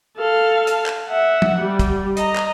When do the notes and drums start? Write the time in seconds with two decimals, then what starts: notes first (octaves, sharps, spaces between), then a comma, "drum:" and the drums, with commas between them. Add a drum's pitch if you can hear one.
0.17 A4 F5
0.67 drum: hi-hat
0.86 drum: clap
1.09 E5 F#5
1.42 drum: tom
1.58 G3
1.79 drum: kick, hi-hat
2.17 D#5 A#5, drum: hi-hat
2.36 drum: clap